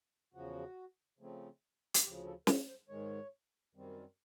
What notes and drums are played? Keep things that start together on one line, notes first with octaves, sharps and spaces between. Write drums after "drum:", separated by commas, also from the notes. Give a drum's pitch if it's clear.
E2 C#3 F3 F#4
C#3 F3 A3 C4
drum: hi-hat
D2 C#3 F3 G4
A4
A#4, drum: snare
C5
G#2 D#3 G#3 C#5
F#2 D#3 G3 C4